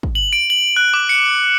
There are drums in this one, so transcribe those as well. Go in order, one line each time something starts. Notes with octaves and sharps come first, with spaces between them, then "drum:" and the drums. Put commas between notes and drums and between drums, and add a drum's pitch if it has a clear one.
drum: kick
F#7
D7
F#7
F#6
D6
C#7